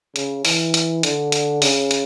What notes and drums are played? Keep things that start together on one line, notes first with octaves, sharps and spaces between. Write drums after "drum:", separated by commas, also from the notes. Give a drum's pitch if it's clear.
C#3, drum: hi-hat
E3, drum: open hi-hat
drum: hi-hat
D3, drum: hi-hat
drum: hi-hat
C#3, drum: open hi-hat
drum: hi-hat